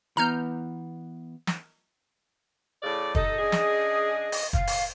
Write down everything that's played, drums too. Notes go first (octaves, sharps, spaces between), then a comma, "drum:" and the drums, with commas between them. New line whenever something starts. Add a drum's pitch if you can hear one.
E3 B3 A#5 F6 G6
drum: snare
A2 C#3 D5
D#4 G4 A4 D#5, drum: kick
C#3 D4 G#4
drum: snare
drum: open hi-hat
F5, drum: kick
drum: open hi-hat